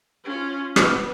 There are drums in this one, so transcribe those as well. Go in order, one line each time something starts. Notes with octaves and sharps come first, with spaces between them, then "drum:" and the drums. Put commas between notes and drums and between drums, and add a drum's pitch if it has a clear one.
C#4 F4
B3, drum: rim click